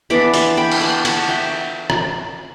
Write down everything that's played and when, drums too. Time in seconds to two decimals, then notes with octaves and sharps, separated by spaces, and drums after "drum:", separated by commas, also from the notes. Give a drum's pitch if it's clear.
0.10 E3 B3 D4 B5 D6
0.34 A5 C6, drum: open hi-hat
0.57 G5 B5
0.72 drum: cymbal
0.81 F#5 A5
1.05 F#5 A5, drum: cymbal
1.28 E5 G5
1.90 drum: rim click